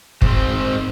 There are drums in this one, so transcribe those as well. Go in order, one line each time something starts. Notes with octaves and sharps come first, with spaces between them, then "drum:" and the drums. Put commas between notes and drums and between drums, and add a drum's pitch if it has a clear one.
G#2 C4, drum: kick